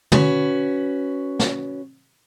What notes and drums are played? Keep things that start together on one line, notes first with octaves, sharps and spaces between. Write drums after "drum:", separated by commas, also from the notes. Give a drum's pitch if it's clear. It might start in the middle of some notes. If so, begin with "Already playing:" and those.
C#4 F#4 B4, drum: tom
drum: snare